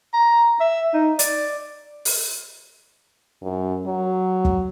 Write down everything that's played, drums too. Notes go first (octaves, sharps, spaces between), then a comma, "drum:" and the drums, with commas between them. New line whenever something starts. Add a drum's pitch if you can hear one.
A#5
E5
D#4
D5, drum: hi-hat
drum: open hi-hat
F#2
F#3
drum: kick